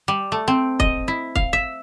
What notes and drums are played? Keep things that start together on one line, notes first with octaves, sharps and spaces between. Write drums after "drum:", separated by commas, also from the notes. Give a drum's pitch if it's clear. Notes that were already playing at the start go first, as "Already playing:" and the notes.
G3
A3
C4
D#5, drum: kick
E4
F5, drum: kick
E5